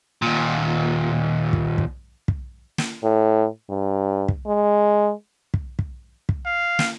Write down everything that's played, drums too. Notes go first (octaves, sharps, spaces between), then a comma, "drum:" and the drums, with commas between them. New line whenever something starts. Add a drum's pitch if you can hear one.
D#2 A#2
drum: kick
drum: kick
drum: kick
drum: snare
A2
G2
drum: kick
G#3
drum: kick
drum: kick
drum: kick
F5
drum: snare